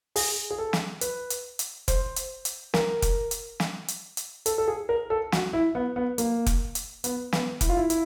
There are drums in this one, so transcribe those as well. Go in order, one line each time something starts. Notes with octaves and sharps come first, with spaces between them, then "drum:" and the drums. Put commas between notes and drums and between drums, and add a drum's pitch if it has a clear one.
G#4, drum: open hi-hat
G#4
A4
drum: snare
B4, drum: hi-hat
drum: hi-hat
drum: hi-hat
C5, drum: kick F1, hi-hat
drum: hi-hat
drum: hi-hat
A#4, drum: snare
drum: kick F1, hi-hat
drum: hi-hat
drum: snare
drum: hi-hat
drum: hi-hat
A4, drum: hi-hat
A4
G#4
A#4
A4
F#4, drum: snare
E4
B3
B3
A#3, drum: hi-hat
drum: kick F1, hi-hat
drum: hi-hat
B3, drum: hi-hat
B3, drum: snare
E4, drum: kick F1, hi-hat
F4
E4
E4, drum: hi-hat